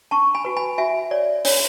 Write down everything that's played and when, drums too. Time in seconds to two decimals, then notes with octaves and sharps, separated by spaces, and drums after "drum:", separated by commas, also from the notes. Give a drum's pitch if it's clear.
0.11 D4 A5 C#6
0.35 G#5 B5
0.45 F#4 B4
0.57 G#5 B5
0.78 F#4 E5 G#5
1.11 C#5 D5
1.45 D4 C#5, drum: open hi-hat